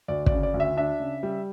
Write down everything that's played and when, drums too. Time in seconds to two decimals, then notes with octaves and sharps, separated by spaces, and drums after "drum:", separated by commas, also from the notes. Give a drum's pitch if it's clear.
0.08 D2 D5
0.26 D5, drum: kick
0.31 C#3
0.43 D5
0.54 D2
0.60 E5
0.77 D4 E5
1.00 C#3
1.23 G3